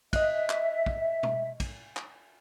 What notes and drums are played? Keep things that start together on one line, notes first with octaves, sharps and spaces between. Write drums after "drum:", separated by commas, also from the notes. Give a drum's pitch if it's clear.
D#5 E5 F#6, drum: kick, cymbal
drum: clap
drum: kick
drum: tom
drum: kick, cymbal
drum: clap